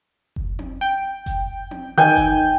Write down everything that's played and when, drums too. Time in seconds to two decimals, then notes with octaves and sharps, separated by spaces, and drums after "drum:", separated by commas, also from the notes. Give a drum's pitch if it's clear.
0.36 drum: kick F#1
0.59 drum: tom C4
0.81 G5
1.26 drum: kick F#1, hi-hat
1.71 drum: tom C4
1.98 D#3 G5 G#5
2.16 drum: kick F#1, hi-hat